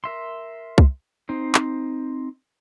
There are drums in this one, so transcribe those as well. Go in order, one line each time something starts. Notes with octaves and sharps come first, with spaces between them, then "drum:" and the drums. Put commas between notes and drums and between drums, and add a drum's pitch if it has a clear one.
A#4 E5 C6
drum: kick C2
C4 D#4 C5
drum: clap